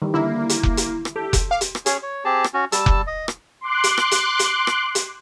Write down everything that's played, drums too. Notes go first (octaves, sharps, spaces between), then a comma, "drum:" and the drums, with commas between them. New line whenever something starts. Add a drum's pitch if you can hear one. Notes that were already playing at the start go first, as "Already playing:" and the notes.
D#3 E3 G3
D3 A#3 E4
drum: hi-hat
drum: kick F1
drum: hi-hat
drum: rim click
G4 A4
drum: kick F1, hi-hat
F5 D6
drum: hi-hat
drum: rim click
C#4 G#4 C#5, drum: hi-hat
C#5
C4 G4 G#4 A5
drum: rim click
C#4 F#4
G3 A5 E6, drum: hi-hat
drum: kick F1
D#5
drum: rim click
C6 D6 F#6
drum: hi-hat
drum: rim click
drum: hi-hat
drum: hi-hat
drum: rim click
drum: hi-hat